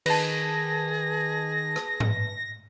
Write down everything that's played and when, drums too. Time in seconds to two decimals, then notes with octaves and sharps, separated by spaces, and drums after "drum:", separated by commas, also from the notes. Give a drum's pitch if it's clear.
0.06 D#3 G#4 B4 A5 A#6, drum: cymbal
1.76 drum: rim click
2.00 drum: tom G#2